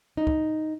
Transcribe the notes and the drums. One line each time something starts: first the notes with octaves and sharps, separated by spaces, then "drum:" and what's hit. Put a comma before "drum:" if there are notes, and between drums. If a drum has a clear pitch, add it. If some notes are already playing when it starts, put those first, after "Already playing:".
D#4
drum: kick